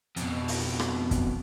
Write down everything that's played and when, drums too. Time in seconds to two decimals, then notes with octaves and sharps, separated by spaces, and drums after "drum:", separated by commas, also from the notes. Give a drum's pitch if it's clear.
0.16 F2 B2, drum: hi-hat
0.48 drum: open hi-hat
0.79 drum: rim click
1.11 drum: kick, hi-hat